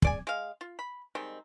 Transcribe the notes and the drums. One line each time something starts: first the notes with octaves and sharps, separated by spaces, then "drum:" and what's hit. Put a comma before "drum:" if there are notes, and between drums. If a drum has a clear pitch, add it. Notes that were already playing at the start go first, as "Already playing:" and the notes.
G#4 D5 G#5, drum: kick
G#3 F5
F4
B5
D#3 G3 G#3 C4